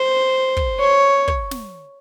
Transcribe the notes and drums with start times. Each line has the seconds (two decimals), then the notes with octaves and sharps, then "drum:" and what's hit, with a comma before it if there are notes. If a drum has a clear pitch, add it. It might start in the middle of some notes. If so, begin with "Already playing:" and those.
Already playing: C5
0.57 drum: kick
0.80 C#5
1.28 drum: kick
1.51 drum: snare